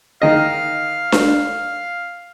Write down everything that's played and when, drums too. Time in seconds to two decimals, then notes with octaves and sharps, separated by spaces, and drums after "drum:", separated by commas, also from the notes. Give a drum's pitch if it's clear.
0.22 D#3 D#5 F5
1.12 drum: snare D4